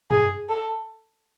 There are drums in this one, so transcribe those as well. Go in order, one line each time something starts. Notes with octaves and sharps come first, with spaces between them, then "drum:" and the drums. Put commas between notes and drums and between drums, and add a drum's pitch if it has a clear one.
G#4, drum: tom F#2
A4